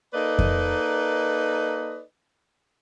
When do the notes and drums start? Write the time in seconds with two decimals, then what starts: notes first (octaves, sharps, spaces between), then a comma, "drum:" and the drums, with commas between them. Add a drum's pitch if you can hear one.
0.14 A#3 D#4 A4 B4 D5 D#5
0.39 drum: kick F2